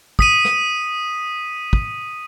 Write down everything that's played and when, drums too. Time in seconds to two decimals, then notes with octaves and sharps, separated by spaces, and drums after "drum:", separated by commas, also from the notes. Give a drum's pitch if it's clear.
0.19 D#6 B6 D#7, drum: kick
0.45 drum: rim click
1.73 drum: kick